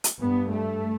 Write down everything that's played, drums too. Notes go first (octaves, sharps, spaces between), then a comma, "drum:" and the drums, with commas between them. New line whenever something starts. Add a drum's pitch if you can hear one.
drum: hi-hat
G2 B3
A3